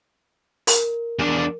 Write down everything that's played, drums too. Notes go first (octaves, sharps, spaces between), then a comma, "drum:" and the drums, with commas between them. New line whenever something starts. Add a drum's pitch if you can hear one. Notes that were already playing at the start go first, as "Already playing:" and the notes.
A#4, drum: open hi-hat
E2 D4